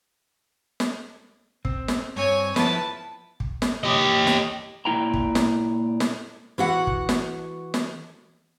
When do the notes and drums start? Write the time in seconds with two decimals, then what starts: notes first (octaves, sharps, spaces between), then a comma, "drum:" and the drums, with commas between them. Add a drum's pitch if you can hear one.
0.80 drum: snare
1.65 C4, drum: kick
1.88 drum: snare
2.16 G2 C4 C#5 G#5
2.56 F3 B3 E4 B4 A5, drum: snare
3.40 drum: kick
3.62 drum: snare
3.83 G4 D#5
4.27 drum: snare
4.85 A#2 C4 E4 G5 A#5
5.14 drum: kick
5.35 drum: snare
6.00 drum: snare
6.58 E3 F#4 F#5
6.87 drum: kick
7.09 drum: snare
7.74 drum: snare